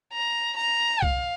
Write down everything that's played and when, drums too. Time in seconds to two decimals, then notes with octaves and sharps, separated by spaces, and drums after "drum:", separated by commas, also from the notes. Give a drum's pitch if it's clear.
0.13 A#5
0.57 A#5
1.02 F5, drum: kick C2